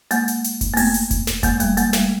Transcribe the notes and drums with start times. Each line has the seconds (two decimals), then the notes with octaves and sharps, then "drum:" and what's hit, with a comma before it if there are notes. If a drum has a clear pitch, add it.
0.11 G#3 A#3, drum: hi-hat
0.28 drum: hi-hat
0.44 drum: hi-hat
0.61 drum: kick F1, hi-hat
0.74 A#3
0.77 A3 B3, drum: open hi-hat
0.94 drum: hi-hat
1.11 drum: kick F1, hi-hat
1.27 drum: snare
1.43 G#3 A#3, drum: kick F1, hi-hat
1.60 G3 A3, drum: hi-hat
1.77 G#3 A#3, drum: hi-hat
1.93 G3 A3, drum: snare